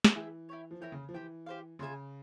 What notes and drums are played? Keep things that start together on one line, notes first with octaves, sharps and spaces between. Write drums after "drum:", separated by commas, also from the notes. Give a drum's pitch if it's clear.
drum: snare
E3 G#4 E5 G5
E4 G4 C#5
F3
E3 E4 A#4 C#5 G5
C#3
F3
E3 G4 C5 G5
G4 C5 F5
C#3 F4 G#4 E5 G#5